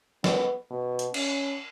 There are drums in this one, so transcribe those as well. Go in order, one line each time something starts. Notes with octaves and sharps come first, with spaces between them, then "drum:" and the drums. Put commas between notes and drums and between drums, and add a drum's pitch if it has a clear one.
B3, drum: snare
B2
drum: hi-hat
C#4, drum: cymbal